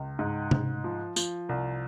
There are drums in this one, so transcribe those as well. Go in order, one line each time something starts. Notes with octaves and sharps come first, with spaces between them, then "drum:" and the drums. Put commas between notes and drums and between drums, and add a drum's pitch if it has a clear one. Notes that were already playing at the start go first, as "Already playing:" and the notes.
Already playing: C#2
G#2
G#2, drum: tom C3
F3
F3, drum: tambourine
C2